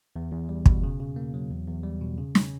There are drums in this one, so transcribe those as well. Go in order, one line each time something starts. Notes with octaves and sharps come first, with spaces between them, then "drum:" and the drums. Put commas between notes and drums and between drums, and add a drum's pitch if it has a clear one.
E2
E2
G3
B2, drum: kick
C#3
C#3
A#3
F#3
E2
E2
G3
B2
C#3
C#4, drum: snare